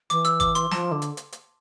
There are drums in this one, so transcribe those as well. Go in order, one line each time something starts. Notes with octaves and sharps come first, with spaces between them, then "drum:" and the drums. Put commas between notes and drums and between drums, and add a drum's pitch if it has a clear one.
E3 D6, drum: hi-hat
E6, drum: hi-hat
D6, drum: kick G#1, hi-hat
C6, drum: hi-hat
F3 A5, drum: snare
D3
drum: hi-hat
drum: hi-hat
drum: hi-hat